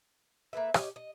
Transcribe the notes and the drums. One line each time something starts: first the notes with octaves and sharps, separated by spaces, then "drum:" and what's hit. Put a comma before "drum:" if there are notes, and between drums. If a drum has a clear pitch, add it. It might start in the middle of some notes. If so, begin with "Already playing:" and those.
A#3 A4 B4 E5
G4 C#5 D#5, drum: rim click
D#5